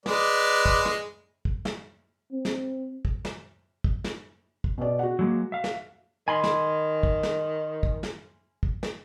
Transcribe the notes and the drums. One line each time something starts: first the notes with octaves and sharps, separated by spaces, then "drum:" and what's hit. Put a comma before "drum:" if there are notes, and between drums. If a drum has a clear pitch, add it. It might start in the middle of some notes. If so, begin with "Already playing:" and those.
G#3 B4 D5, drum: snare
drum: kick
drum: snare
drum: kick
drum: snare
C4
drum: snare
drum: kick
drum: snare
drum: kick
drum: snare
drum: kick
B2 D5
F#4 F#5
F#3 G#3 A#3
E5 F5
drum: snare
D#3 G#5 B5 C6
drum: snare
drum: kick
drum: snare
drum: kick
drum: snare
drum: kick
drum: snare